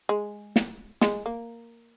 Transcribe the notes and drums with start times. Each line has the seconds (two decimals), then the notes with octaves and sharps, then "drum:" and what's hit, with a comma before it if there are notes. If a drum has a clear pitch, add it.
0.09 G#3
0.56 drum: snare
1.01 G#3, drum: snare
1.26 A#3